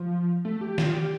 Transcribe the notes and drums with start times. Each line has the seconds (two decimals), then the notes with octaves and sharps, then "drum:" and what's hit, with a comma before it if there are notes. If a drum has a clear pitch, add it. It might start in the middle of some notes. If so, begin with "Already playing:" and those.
Already playing: F3
0.45 A3
0.61 G4
0.78 F4, drum: snare
0.95 G4